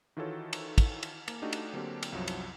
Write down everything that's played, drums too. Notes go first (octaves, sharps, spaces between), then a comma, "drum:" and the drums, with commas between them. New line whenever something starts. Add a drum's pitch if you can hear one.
D#3 E3 F4 F#4 A4 C#5
drum: cymbal
drum: kick, cymbal
drum: cymbal
A#3, drum: cymbal
A3 D4 D#4 F#4 G4
drum: cymbal
D3 F#3 A#3 C4 D4 G4
drum: cymbal
C2 F#2 F3 F#3
drum: cymbal